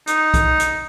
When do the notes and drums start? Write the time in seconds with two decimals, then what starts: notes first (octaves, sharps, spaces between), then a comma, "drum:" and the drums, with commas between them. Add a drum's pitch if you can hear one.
0.07 D#4, drum: hi-hat
0.34 drum: kick B1, hi-hat
0.60 drum: hi-hat